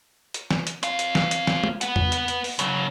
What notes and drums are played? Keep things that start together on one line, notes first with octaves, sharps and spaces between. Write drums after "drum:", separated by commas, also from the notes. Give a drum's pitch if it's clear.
drum: hi-hat
drum: snare E3
drum: hi-hat
C4 F5, drum: hi-hat
drum: hi-hat
drum: snare E3
drum: hi-hat
drum: snare E3
drum: tom G#3
B4 F#5, drum: hi-hat
drum: tom E2
drum: hi-hat
drum: hi-hat
drum: open hi-hat
C#3 F#3, drum: hi-hat